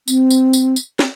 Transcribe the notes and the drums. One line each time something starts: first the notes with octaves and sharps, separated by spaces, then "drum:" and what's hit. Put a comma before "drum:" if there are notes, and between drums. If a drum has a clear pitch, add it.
C4, drum: tambourine
drum: tambourine
drum: tambourine
drum: tambourine
drum: snare